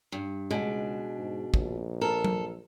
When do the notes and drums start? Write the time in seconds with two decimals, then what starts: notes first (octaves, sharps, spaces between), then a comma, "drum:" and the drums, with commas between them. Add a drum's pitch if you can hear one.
0.12 G2
0.51 C#2 B2 G#3 D4
1.18 G#2
1.54 A#1, drum: kick
2.01 F4 A4 A#4
2.25 drum: tom F#3